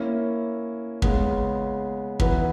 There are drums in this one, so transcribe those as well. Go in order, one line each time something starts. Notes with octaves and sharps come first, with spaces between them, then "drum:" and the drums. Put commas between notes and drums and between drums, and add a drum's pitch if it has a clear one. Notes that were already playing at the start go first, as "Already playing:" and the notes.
Already playing: A#3 C#4 E4
C#3 G#3 B3, drum: kick
E3 B3 D#4 F#4 B4, drum: kick